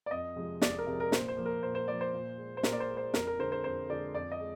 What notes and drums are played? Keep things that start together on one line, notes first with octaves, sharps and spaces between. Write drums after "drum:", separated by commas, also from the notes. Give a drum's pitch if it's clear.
D5
F2 D#5
C3 F3 G#3
F2 D5, drum: snare
A#4
C3 F3 G#3
A#4
A#2 C5, drum: snare
C5
F3 A#3
A#4
A#2 C5
C5
F3 A#3 D5
C5
A#2
G#3
C5
A#2 A#4, drum: snare
D5
C5
G#3
C5
F2 A#4, drum: snare
A#4
D3 G#3 C5
C5
F2 C5
D3 G#3 D5
F2 D5
D#5
G#3